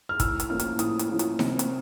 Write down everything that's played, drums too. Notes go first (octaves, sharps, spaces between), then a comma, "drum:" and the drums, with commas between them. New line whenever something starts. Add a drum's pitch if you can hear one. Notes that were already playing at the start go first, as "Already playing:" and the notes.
F6
A2 E6, drum: kick, hi-hat
drum: hi-hat
F3 A#3 C#4 E4 F6
drum: hi-hat
A2 D#6, drum: hi-hat
drum: hi-hat
F3 A#3 C#4 E4
drum: hi-hat
C3, drum: snare D#4
drum: hi-hat